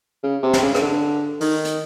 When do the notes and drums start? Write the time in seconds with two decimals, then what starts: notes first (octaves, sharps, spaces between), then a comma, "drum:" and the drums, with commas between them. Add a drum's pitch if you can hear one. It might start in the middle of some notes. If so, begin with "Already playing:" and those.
0.23 C#3
0.43 C3
0.53 drum: snare
0.63 C#3
0.75 C#3, drum: rim click
0.82 D3
1.41 D#3, drum: open hi-hat
1.65 drum: hi-hat